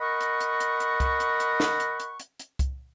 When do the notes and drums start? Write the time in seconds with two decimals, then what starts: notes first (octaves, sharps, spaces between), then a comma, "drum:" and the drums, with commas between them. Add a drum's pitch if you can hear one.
0.01 A#4 D#5 F#5 B5 C#6
0.21 drum: hi-hat
0.40 drum: hi-hat
0.60 drum: hi-hat
0.80 drum: hi-hat
1.00 drum: kick C2, hi-hat
1.20 drum: hi-hat
1.40 drum: hi-hat
1.60 drum: snare
1.80 drum: hi-hat
2.00 drum: hi-hat
2.20 drum: hi-hat
2.39 drum: hi-hat
2.59 drum: kick C2, hi-hat